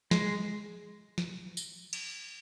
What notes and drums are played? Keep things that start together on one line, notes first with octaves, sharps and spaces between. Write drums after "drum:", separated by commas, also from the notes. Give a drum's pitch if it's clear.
G#3, drum: snare
drum: snare
drum: tambourine
drum: cymbal